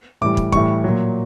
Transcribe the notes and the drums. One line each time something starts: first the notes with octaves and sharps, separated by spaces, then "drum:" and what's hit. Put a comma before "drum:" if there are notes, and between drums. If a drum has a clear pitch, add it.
A2 E3 G3 D6
drum: kick
A2 E3 G3 C#6, drum: kick
A#2 F#3